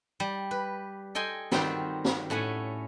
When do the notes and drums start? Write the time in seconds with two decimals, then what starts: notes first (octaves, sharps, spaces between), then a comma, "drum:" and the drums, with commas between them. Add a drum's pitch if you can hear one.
0.20 G3
0.51 B4
1.15 A4 D#5 G5 G#5 C6
1.52 D#3 G3 C4 F4 F#4 C5, drum: snare
2.05 drum: snare
2.30 A2 A3 C#4 F#5 G#5